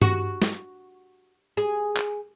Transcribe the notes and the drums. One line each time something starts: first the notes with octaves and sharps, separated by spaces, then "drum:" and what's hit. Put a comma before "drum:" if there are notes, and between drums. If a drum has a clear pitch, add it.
F#4, drum: tom G2
drum: snare
G#4
drum: clap